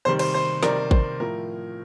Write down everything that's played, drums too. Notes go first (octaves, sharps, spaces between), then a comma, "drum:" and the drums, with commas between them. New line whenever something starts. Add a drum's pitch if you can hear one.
C3 D#3 G3 C5
C5, drum: cymbal
C5
C3 D#3 G3 A#4 D5, drum: snare
C5, drum: kick A1
A2 F3 A#4